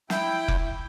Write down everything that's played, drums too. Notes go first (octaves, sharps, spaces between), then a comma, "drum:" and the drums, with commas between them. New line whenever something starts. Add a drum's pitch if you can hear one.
E4 G5, drum: snare
drum: kick F1